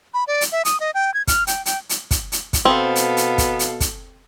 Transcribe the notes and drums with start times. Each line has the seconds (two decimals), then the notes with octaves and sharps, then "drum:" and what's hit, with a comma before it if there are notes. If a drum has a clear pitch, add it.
0.14 B5
0.27 D5
0.41 drum: hi-hat
0.52 E5
0.65 D#6, drum: hi-hat
0.80 D#5
0.94 G5
1.14 G#6
1.27 F6, drum: kick, hi-hat
1.47 G5, drum: hi-hat
1.66 G5, drum: hi-hat
1.89 drum: hi-hat
2.11 drum: kick, hi-hat
2.32 drum: hi-hat
2.53 drum: kick, hi-hat
2.65 B2 B3 C4 A4 F5
2.96 drum: hi-hat
3.17 drum: hi-hat
3.38 drum: kick, hi-hat
3.59 drum: hi-hat
3.80 drum: kick, hi-hat